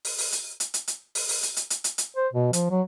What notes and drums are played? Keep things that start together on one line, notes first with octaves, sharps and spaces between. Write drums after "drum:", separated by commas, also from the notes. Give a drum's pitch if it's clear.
drum: open hi-hat
drum: open hi-hat
drum: hi-hat
drum: hi-hat
drum: hi-hat
drum: hi-hat
drum: open hi-hat
drum: open hi-hat
drum: hi-hat
drum: hi-hat
drum: hi-hat
drum: hi-hat
drum: hi-hat
C5
B2
F3, drum: hi-hat
F#3